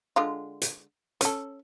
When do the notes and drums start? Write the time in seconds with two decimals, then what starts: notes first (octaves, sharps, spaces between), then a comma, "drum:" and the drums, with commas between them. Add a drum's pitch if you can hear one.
0.16 D3 G#3 F4
0.62 drum: hi-hat
1.21 C#4 A4, drum: hi-hat